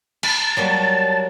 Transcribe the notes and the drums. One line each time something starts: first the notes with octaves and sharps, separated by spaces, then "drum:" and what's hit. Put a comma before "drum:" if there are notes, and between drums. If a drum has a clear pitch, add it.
A5 B5, drum: cymbal
F#3 G3 A#3